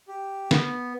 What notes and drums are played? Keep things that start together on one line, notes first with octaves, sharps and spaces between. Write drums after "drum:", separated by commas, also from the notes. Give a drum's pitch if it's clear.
G4
B3, drum: snare